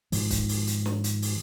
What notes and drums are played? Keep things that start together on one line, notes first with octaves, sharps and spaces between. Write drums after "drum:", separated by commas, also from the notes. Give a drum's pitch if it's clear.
G#2 D#3 F3, drum: open hi-hat
drum: kick, hi-hat
drum: open hi-hat
drum: hi-hat
drum: snare
drum: hi-hat
drum: open hi-hat